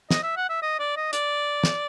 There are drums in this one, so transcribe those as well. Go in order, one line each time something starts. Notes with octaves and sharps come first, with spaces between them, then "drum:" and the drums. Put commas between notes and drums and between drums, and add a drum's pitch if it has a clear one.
D#5, drum: snare
E5
F#5
E5
D#5
D5
D#5
D5, drum: hi-hat
drum: snare